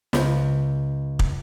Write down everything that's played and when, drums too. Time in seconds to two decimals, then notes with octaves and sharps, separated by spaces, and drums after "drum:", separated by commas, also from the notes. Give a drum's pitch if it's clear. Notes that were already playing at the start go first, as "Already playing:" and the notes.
0.13 C#2, drum: snare
1.19 drum: kick